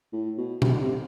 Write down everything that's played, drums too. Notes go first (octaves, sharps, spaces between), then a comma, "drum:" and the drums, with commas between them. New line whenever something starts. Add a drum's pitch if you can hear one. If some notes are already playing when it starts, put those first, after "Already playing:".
A2
B2
C3, drum: tom B2
D3
C3